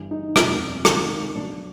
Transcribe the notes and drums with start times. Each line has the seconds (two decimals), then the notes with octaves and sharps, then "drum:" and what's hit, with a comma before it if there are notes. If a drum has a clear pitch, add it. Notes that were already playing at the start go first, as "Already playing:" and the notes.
Already playing: G1 G2 E3
0.11 D#4
0.36 F#1 E2 C3 D4, drum: rim click
0.85 C#2 C3 D#3, drum: rim click
1.35 B1 B2 D4